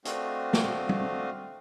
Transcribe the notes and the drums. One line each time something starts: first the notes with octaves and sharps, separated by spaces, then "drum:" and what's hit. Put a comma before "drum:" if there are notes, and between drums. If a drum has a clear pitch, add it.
A3 C4 D4 F#4 D#5 F5, drum: hi-hat
drum: snare
drum: tom